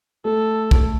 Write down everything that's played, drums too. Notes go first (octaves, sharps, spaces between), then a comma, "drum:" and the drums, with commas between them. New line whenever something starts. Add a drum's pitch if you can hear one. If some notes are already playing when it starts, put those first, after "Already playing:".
A3 A4
drum: kick